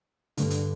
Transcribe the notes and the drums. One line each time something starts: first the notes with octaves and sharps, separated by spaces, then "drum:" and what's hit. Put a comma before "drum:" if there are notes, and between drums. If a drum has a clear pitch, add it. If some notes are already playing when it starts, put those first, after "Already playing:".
G2 D3, drum: hi-hat
drum: hi-hat